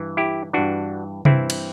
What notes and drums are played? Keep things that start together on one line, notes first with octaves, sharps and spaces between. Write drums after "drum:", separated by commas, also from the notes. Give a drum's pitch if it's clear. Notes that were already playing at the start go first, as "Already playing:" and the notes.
Already playing: G2 E3
E4 G4
G2 E3 D4 F#4
G2 E3 C4 E4, drum: tom C3
drum: cymbal